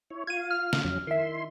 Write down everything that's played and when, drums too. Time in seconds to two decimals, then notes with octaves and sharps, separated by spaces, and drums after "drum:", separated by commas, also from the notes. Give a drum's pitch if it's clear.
0.11 E4 C#5
0.27 F4 F5 G#6 D#7
0.51 F6
0.73 drum: snare
0.84 F2 F#3 C#4
1.07 D#3 E4 E5 C6